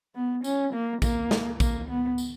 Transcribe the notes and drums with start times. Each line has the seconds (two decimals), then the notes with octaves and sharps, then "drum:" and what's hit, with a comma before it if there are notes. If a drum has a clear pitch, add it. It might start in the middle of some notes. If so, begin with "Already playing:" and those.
0.15 B3
0.44 C#4, drum: tambourine
0.73 A#3
1.02 A#3, drum: kick A#1, tambourine
1.31 drum: snare
1.60 A#3, drum: kick A#1, tambourine
1.89 B3
2.18 drum: tambourine